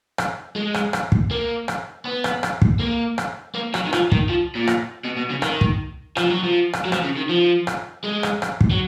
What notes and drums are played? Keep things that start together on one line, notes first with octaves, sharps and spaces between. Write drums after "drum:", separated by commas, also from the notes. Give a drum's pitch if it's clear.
drum: rim click
G#3
drum: rim click
drum: rim click
drum: kick
A#3
drum: rim click
B3
drum: rim click
drum: rim click
drum: kick
A#3
drum: rim click
A#3
F#3, drum: rim click
D#3
F3, drum: rim click
D#3, drum: kick
F3
A#2
drum: rim click
B2
B2
C#3
D#3, drum: rim click
drum: kick
F3, drum: rim click
F#3
F3
drum: rim click
F#3
F3, drum: rim click
C#3
D#3
F3
drum: rim click
G#3
drum: rim click
drum: rim click
drum: kick
F#3